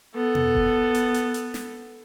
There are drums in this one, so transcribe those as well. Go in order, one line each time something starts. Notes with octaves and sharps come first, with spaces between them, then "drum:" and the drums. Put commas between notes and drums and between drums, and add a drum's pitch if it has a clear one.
B3 A4
drum: tom
drum: kick F1
drum: hi-hat
drum: hi-hat
drum: hi-hat
drum: snare